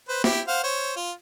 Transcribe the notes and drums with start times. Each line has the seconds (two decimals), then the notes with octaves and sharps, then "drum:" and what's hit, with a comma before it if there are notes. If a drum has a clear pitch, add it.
0.09 B4 C5
0.24 E4 G4, drum: snare
0.48 C5 F5 F#5
0.63 C5 C#5
0.96 F4